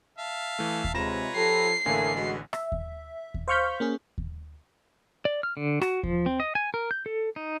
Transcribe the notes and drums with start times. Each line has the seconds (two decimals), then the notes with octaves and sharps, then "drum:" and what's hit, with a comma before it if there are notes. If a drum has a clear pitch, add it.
0.18 E5 F5 A5
0.59 E3 A3
0.84 drum: kick D#2
0.94 C3 G#3 F4 B4 C#5 A#5 A#6 E7
1.35 F3 G4 A4 C7
1.86 A1 A2 D3 A3 A#3 G#4 G#5
2.15 G#3 B3 F#4
2.53 E5, drum: rim click
2.72 drum: kick D#2
3.34 drum: kick D#2
3.48 C5 F5 C#6 F6 G6 B6
3.80 A#3 C#4 G#4
4.18 drum: kick D#2
5.25 D5
5.43 F6
5.57 D3
5.82 F#4, drum: rim click
6.03 F3, drum: kick D#2
6.26 C4
6.40 D#5
6.55 G#5
6.74 A#4
6.91 G6
7.06 A4
7.36 D#4